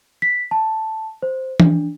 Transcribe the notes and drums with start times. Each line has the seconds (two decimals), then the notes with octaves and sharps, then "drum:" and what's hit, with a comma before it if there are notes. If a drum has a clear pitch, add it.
0.22 B6
0.51 A5
1.22 C5
1.60 D4, drum: tom E3